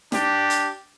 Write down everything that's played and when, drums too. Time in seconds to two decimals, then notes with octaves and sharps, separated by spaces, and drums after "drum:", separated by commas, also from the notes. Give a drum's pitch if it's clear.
0.12 D4 G4, drum: snare
0.50 drum: hi-hat